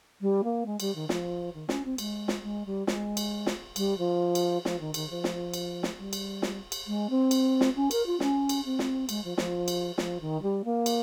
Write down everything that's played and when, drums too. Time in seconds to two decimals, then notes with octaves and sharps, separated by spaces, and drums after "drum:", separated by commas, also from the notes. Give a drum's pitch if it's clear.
0.21 G3
0.43 A#3
0.65 G#3
0.80 G3, drum: cymbal
0.95 D#3
1.09 F3, drum: snare
1.54 D#3
1.69 C#4, drum: snare
1.84 C4
1.98 G#3, drum: cymbal
2.28 drum: snare
2.42 G#3
2.65 G3
2.87 G#3, drum: snare
3.17 drum: cymbal
3.46 drum: snare
3.76 G3, drum: cymbal
3.98 F3
4.35 drum: cymbal
4.65 F3, drum: snare
4.79 D#3
4.94 D#3, drum: cymbal
5.09 F3
5.24 drum: snare
5.54 drum: cymbal
5.83 drum: snare
5.98 G3
6.13 drum: cymbal
6.42 drum: snare
6.72 drum: cymbal
6.87 G#3
7.09 C4
7.31 drum: cymbal
7.61 drum: snare
7.75 C#4
7.91 A#4, drum: cymbal
8.06 F4
8.20 C#4, drum: snare
8.49 drum: cymbal
8.65 C4
8.79 drum: snare
9.09 G#3, drum: cymbal
9.24 F3
9.38 F3, drum: snare
9.68 drum: cymbal
9.98 F3, drum: snare
10.20 D#3
10.42 G3
10.64 A#3
10.86 drum: cymbal